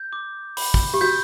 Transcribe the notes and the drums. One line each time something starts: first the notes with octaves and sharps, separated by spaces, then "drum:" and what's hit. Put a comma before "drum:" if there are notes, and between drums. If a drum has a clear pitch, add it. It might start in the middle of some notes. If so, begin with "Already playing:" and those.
Already playing: G6
D6
B5, drum: open hi-hat
drum: kick
G4
F#4 G6